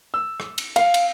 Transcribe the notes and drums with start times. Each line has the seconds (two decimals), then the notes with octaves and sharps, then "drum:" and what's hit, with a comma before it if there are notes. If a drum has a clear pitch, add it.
0.14 E6
0.40 drum: rim click
0.58 drum: cymbal
0.76 F5, drum: cymbal
0.94 drum: cymbal